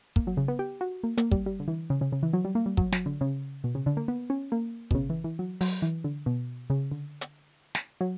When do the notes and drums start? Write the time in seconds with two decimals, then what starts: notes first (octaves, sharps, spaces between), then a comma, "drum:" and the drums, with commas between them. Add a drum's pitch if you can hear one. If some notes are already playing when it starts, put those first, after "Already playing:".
0.16 A#3, drum: kick
0.27 F#3
0.37 C#3
0.48 B3
0.59 G4
0.81 F#4
1.03 A#3
1.17 A#3, drum: hi-hat
1.31 G3, drum: kick
1.46 G3
1.60 D3
1.68 E3
1.90 C#3
2.01 C#3
2.12 C#3
2.23 E3
2.33 F#3
2.45 G3
2.55 A#3
2.66 G3
2.77 F#3, drum: kick
2.92 F#3, drum: snare
3.06 D3
3.21 C#3
3.64 B2
3.75 C#3
3.86 D3
3.97 A#3
4.08 B3
4.30 C#4
4.52 A#3
4.91 B2, drum: kick
4.95 C#3
5.10 E3
5.24 E3
5.39 F#3
5.61 F#3, drum: open hi-hat
5.82 E3
6.04 D3
6.26 B2
6.70 C#3
6.91 D3
7.21 drum: hi-hat
7.75 drum: snare
8.01 F#3